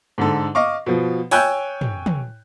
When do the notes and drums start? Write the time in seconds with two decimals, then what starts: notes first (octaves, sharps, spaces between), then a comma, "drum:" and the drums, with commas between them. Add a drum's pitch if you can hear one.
0.18 G#2 D3 A4
0.55 D#5 F5 C#6 D6
0.86 B2 F3
1.31 C#5 G5 G#5 E6 F#6 G6, drum: open hi-hat
1.81 drum: tom
2.06 drum: tom